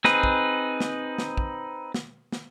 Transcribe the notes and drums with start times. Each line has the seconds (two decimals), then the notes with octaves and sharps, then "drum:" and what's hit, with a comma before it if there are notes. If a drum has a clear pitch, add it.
0.04 C4 D#4 G#4 B4, drum: snare
0.23 drum: kick
0.80 drum: snare
1.18 drum: snare
1.37 drum: kick
1.94 drum: snare
2.32 drum: snare